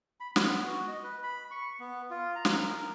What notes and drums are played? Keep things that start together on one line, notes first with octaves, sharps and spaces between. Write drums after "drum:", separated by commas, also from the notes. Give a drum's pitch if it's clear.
B5
B3, drum: snare
F#4
D#5
B4
B5
C#6
B3
F4
A#5
drum: snare
A#4